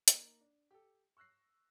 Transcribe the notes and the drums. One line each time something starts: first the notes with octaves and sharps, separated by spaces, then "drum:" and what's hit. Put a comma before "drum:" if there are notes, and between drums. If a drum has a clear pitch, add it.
A#3 D#4, drum: hi-hat
D4
G4 A4
C#6 E6 F#6 A#6 C7